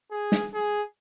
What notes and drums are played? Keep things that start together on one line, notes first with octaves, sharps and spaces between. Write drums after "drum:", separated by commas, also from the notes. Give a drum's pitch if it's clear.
G#4
drum: snare
G#4